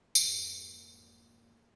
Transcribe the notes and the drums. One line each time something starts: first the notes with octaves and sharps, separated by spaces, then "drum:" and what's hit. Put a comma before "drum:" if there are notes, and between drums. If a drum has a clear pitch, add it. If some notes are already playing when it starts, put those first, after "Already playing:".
F2 G#2 F#3 A#3, drum: tambourine